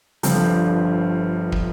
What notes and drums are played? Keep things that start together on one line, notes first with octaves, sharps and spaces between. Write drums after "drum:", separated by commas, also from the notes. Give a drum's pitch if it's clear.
G1 G2 D3 F3 C4, drum: hi-hat
drum: kick